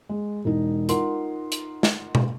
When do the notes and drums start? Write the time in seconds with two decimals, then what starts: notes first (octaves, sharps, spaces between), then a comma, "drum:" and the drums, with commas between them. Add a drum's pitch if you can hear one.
0.09 G#3
0.45 E1 D#4
0.89 D#4 F4 A#4 F#5 C6, drum: hi-hat
1.52 drum: hi-hat
1.83 drum: snare
2.15 drum: tom B2